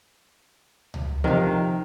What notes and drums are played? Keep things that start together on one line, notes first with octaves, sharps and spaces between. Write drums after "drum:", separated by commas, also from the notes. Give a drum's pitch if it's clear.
drum: tom C#2
C3 D#3 F3 A#4 F5